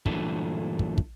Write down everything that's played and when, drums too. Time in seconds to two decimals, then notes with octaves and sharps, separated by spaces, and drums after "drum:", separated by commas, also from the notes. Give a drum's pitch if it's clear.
0.06 G2 A#2 D3 E3 F#3 A3, drum: kick
0.79 drum: kick
0.98 drum: kick